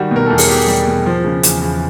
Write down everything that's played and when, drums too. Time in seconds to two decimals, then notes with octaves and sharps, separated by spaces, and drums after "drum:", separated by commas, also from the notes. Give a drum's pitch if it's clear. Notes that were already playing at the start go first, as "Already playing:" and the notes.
Already playing: D#3 G3 F#4
0.11 B2 A#4
0.26 E2 A4
0.38 G#4, drum: open hi-hat
0.49 E2 G4
0.67 G3
0.87 B2
1.06 F3
1.25 C#3
1.43 E2, drum: hi-hat
1.62 E2